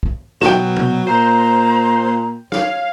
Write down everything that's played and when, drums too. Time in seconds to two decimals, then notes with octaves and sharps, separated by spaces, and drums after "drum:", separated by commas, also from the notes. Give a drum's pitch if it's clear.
0.03 drum: kick
0.41 B2 F#3 G5 E7, drum: snare
0.76 drum: tom
1.07 A#2 C5 A#5
2.52 C#5 F5, drum: snare